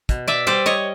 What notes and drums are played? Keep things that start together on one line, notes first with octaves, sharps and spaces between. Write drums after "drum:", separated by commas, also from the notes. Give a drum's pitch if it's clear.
B2, drum: kick, hi-hat
D5 E5
G3 C5 D5
C#5 D#5